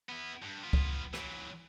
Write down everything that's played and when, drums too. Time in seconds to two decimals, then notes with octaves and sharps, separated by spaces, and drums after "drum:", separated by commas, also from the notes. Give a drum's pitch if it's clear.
0.09 B3 E4
0.42 G2
0.63 B3 F4
0.73 drum: kick
1.14 E3 F#3, drum: rim click